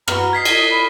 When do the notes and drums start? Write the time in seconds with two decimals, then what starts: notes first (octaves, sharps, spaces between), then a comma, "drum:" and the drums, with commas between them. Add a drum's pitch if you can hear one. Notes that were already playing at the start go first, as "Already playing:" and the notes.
0.08 F#4 B4 A#5 F6, drum: rim click
0.33 D#5 G#6 B6 C7
0.45 drum: cymbal
0.70 B5